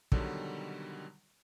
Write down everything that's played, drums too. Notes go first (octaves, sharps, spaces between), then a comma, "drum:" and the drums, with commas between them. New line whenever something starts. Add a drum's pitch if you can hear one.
B2 D3 D#3 F#3 G3, drum: kick